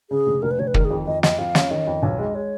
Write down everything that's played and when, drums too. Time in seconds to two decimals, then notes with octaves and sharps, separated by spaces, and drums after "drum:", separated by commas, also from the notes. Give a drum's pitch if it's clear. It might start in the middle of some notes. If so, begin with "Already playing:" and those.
0.10 C#3 G#4
0.27 F1
0.42 F1 A#4
0.51 B4
0.59 F1 C#5
0.67 B4
0.74 D#3 A#4, drum: kick
0.85 G#4
0.91 F2
1.07 F2 D#5
1.23 F2 D#5, drum: snare
1.39 F2 F5
1.55 C#4, drum: snare
1.70 D#3 D#5
1.87 F2
2.03 B1 C#5
2.19 G#3 D#5
2.35 G#3 C#5